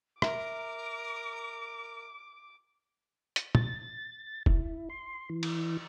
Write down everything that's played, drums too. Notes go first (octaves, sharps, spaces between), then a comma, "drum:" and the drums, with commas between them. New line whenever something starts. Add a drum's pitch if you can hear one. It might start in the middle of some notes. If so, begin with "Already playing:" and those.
A#4 E5 D6, drum: rim click
drum: hi-hat
A6, drum: tom
E4, drum: kick E1
C6
E3
drum: cymbal